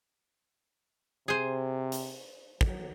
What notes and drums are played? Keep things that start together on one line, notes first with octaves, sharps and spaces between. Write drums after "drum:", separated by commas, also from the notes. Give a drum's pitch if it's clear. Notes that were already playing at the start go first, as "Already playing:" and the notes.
C3 G#4 C5
drum: hi-hat
F#3, drum: kick